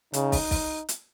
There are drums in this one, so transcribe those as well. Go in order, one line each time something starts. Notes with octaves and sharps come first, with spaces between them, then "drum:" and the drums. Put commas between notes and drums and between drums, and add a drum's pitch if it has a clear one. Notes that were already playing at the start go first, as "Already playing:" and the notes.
C#3 D#4, drum: hi-hat
drum: kick, open hi-hat
drum: kick, open hi-hat
drum: hi-hat